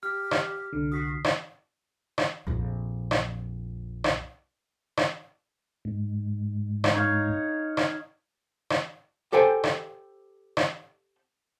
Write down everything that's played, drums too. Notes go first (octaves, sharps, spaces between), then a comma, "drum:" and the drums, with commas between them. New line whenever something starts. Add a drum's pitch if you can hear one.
G4 F6
drum: rim click
C2 D3
F#4 D#6 B6 C7
drum: rim click
drum: rim click
A#1 F2
drum: rim click
drum: rim click
drum: rim click
G#2
drum: rim click
D#4 C#5 F5
drum: rim click
drum: rim click
G4 A4 C5 G5 G#5
drum: rim click
drum: rim click